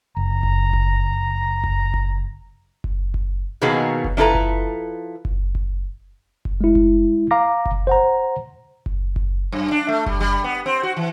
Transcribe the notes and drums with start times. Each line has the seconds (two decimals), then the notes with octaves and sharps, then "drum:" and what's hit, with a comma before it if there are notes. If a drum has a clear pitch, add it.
0.17 F#1 A#5
0.43 drum: kick F#1
0.73 drum: kick F#1
1.64 drum: kick F#1
1.94 drum: kick F#1
2.84 drum: kick F#1
3.14 drum: kick F#1
3.62 B2 D#3 F#3 A#3 B3 G#4
4.04 drum: kick F#1
4.17 F3 D4 E4 A4 B4 A#5
4.35 drum: kick F#1
5.25 drum: kick F#1
5.55 drum: kick F#1
6.45 drum: kick F#1
6.61 G#3 E4
6.75 drum: kick F#1
7.31 F5 A#5 D6 A#6
7.66 drum: kick F#1
7.87 C5 F#5 A#5
8.86 drum: kick F#1
9.16 drum: kick F#1
9.52 F#2
9.71 D4
9.89 A3
10.06 G3, drum: kick F#1
10.20 G3
10.44 B3
10.66 C4
10.83 F#4
10.97 E3